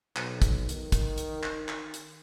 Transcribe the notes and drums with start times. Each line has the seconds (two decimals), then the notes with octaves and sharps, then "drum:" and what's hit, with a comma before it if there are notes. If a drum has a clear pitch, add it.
0.16 B1, drum: clap
0.42 drum: kick, hi-hat
0.69 D#3, drum: hi-hat
0.92 drum: kick, hi-hat
1.18 drum: hi-hat
1.43 drum: clap
1.68 drum: clap
1.94 drum: hi-hat